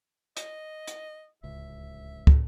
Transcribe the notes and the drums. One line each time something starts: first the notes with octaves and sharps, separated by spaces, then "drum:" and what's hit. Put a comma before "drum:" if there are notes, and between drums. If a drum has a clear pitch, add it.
D#5, drum: hi-hat
drum: hi-hat
D1 C#2 E5
drum: kick